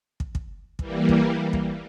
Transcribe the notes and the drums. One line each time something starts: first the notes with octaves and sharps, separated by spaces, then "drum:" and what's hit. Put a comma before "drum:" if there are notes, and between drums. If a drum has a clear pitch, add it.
drum: kick
drum: kick
E3 G3 A#3, drum: kick
drum: kick
drum: kick